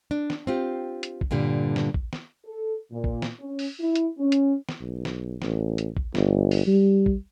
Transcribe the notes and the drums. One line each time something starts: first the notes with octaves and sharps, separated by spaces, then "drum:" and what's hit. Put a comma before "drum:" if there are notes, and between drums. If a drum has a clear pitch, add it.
D4
drum: snare
C4 F4 G4
drum: hi-hat
drum: kick
G2 A#2 D3 G3
drum: snare
drum: kick
drum: snare
A4
A#2
drum: kick
drum: snare
C#4
drum: open hi-hat
E4
drum: hi-hat
C#4
drum: hi-hat
drum: snare
B1
drum: snare
A1, drum: snare
drum: hi-hat
drum: kick
G1, drum: snare
drum: open hi-hat
G3
drum: kick